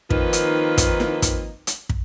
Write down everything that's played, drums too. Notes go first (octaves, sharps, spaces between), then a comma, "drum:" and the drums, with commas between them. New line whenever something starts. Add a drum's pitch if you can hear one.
D#3 F3 A#3 C4 D#4 B4, drum: kick
drum: hi-hat
drum: kick, hi-hat
drum: snare E4
drum: kick, hi-hat
drum: hi-hat
drum: kick